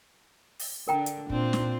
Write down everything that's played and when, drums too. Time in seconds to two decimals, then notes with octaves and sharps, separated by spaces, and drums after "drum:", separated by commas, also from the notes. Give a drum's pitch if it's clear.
0.59 drum: open hi-hat
0.88 D3 D4 A#4 G5 A#5
1.06 drum: hi-hat
1.30 A#2 C4 D4 F4, drum: kick
1.53 drum: snare